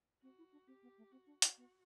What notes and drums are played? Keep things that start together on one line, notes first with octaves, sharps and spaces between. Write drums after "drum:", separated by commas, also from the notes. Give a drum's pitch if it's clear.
C4 F#4
E4
D4
C4 G4
B3
A3
C4 F#4
D4
E4, drum: hi-hat
B3